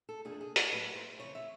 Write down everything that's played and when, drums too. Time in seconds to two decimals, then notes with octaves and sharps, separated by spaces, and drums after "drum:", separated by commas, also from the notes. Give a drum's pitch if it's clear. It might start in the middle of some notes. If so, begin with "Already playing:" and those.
0.09 A4
0.25 F2 C3 F3 A#3 D4 G#4
0.41 G#4
0.56 A4, drum: hi-hat
0.72 A2 F#3 A#3 B4
0.96 C5
1.19 F2 C#3 E3 C#5
1.35 E5